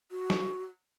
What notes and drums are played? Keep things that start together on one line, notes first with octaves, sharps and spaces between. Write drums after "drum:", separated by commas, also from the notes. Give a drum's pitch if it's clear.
F#4
drum: snare